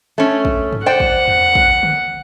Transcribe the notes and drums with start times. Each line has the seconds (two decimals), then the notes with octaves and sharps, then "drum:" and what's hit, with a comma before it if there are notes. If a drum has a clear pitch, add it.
0.18 A3 C#4
0.45 drum: kick
0.72 drum: tom G2
0.86 C5 D5 F#5 G5
1.00 drum: kick
1.28 drum: tom E2
1.55 drum: kick
1.83 drum: tom D3